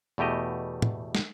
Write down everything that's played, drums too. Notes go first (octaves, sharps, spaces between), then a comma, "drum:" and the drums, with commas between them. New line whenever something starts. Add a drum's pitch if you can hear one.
E2 B2 A3 G4 D#5
drum: tom
drum: snare